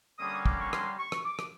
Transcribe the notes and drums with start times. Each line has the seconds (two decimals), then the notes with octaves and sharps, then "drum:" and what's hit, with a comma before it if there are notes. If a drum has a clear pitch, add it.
0.19 D3 G3 A#3 C#4 D#6
0.36 C#6
0.46 D6, drum: kick
0.62 C#6
0.73 C6, drum: rim click
0.99 C#6
1.12 drum: rim click
1.25 D6
1.39 drum: rim click